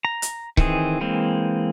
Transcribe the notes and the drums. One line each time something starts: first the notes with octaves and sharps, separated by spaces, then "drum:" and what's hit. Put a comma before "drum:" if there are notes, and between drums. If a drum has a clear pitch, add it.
A#5
drum: hi-hat
D#3 E3 C4 G#4, drum: kick C#1
E3 G#3 A#3 C4